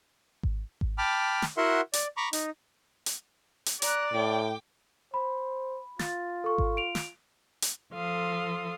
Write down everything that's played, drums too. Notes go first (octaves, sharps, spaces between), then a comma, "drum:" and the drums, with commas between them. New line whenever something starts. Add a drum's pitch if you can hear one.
drum: kick G#1
drum: kick G#1
G5 A5 B5 D6 F6
drum: snare
E4 F#4 A#4 E5 F#5 C6
D5, drum: hi-hat
A#5 B5 C#6 D6
D#4, drum: hi-hat
drum: hi-hat
drum: hi-hat
D5 A#5 F#6, drum: hi-hat
A2 G5 D6
C5 B5
F4 A6, drum: snare
A4 C#6
drum: kick G#1
D7 F7
drum: snare
drum: hi-hat
F3 A4 F5 C6 D#6